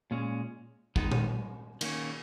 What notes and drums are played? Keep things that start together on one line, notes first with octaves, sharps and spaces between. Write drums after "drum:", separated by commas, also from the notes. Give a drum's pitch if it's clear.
A#2 G#3 C#4
D#3 G#3 B3 D#4, drum: kick
drum: tom A#2
D#3 A#3 C#4, drum: cymbal